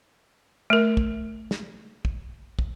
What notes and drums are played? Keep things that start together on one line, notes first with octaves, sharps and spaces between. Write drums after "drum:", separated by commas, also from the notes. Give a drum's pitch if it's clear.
A3 A#4
drum: kick
drum: snare
drum: kick
drum: kick